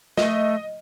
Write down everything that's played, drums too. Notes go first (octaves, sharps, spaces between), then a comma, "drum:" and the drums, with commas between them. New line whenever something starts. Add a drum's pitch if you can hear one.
A3 D#5, drum: snare